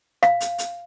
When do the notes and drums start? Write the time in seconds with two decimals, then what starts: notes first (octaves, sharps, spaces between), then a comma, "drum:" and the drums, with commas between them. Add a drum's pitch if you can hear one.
0.23 F5, drum: rim click
0.41 drum: hi-hat
0.58 drum: hi-hat